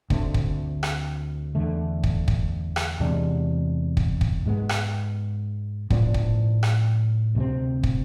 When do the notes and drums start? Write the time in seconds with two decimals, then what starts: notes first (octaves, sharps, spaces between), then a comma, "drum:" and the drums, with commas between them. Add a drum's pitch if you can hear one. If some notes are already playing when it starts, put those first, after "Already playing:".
0.10 D2 D3 A3 C4, drum: kick
0.34 drum: kick
0.83 drum: rim click
1.55 E2 D3 A3
2.04 drum: kick
2.28 drum: kick
2.76 drum: rim click
3.00 E2 C3 G#3 D4
3.97 drum: kick
4.21 drum: kick
4.46 G#2 G#3 B3
4.69 drum: rim click
5.90 A2 F3 B3 D4, drum: kick
6.14 drum: kick
6.63 drum: rim click
7.35 D2 C3 G#3 C4
7.83 drum: kick